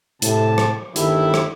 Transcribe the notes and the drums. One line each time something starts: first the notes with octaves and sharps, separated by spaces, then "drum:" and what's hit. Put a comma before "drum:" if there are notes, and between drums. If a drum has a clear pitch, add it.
A2 C3 A5, drum: hi-hat
drum: rim click
G1 D#3 G3 A3 E4, drum: hi-hat
drum: rim click